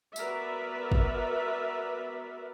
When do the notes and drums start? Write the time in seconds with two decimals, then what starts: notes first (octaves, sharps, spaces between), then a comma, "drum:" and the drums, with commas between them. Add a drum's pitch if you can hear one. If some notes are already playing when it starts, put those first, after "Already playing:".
0.16 B3 F#4 A#4 B4 D5 E5, drum: tambourine
0.92 drum: kick